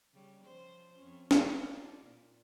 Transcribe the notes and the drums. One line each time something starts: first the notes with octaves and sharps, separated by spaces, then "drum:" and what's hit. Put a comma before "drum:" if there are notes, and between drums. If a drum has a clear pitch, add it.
C#3 G3 C#4
F3 C#4 C5
F2 C#4
D#3, drum: snare
D#4 F4 D5
A#2